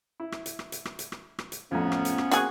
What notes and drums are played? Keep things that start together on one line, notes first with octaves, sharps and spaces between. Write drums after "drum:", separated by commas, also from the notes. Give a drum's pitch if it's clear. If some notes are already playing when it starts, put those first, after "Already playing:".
E4
drum: rim click
drum: hi-hat
drum: rim click
drum: hi-hat
drum: rim click
drum: hi-hat
drum: rim click
drum: rim click
drum: hi-hat
A1 F2 F3 B3 C#4
drum: rim click
drum: hi-hat
drum: rim click
A#3 C4 F#4 G#4 F#6, drum: hi-hat